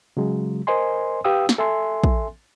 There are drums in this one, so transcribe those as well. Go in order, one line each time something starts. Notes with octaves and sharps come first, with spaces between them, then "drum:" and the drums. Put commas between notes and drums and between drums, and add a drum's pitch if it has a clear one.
C#3 F#3 G#3
A#4 C5 D#5 G#5 C6
G4 B4 F5 G5 D#6 E6
drum: snare
A4 E5 G#5 C6
drum: kick